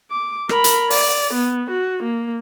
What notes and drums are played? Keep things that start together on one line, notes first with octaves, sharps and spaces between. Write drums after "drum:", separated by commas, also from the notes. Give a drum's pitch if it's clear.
D6
A#4 B5, drum: rim click
drum: hi-hat
D5, drum: open hi-hat
B3
F#4
A#3